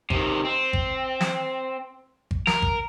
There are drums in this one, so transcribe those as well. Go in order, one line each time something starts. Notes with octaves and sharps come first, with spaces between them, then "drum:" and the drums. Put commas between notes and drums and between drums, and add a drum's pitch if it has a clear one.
C3 D#3, drum: kick G#1
C4
drum: kick G#1
drum: snare
drum: kick G#1
A#4, drum: snare
drum: kick G#1